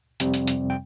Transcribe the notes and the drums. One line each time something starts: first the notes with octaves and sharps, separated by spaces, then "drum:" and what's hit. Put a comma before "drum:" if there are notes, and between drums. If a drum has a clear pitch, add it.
F2 C3 G3 C4, drum: hi-hat
drum: hi-hat
drum: hi-hat
G5